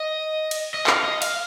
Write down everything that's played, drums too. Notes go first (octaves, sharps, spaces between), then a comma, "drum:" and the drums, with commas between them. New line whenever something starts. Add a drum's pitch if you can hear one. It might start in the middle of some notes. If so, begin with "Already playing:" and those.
Already playing: D#5
drum: cymbal
D#5
F5, drum: clap
D#5
F5, drum: cymbal